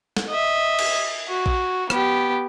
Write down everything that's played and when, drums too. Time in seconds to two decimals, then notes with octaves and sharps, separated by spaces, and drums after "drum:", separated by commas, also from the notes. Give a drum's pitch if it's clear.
0.17 drum: snare
0.29 D#5 E5
0.79 drum: cymbal
1.29 F#4
1.46 drum: kick A#1
1.90 B3 G4, drum: rim click